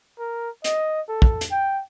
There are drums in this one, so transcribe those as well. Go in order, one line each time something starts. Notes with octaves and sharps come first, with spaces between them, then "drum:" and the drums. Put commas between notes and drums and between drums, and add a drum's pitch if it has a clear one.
A#4
D#5, drum: hi-hat
A4
drum: kick
drum: hi-hat
G5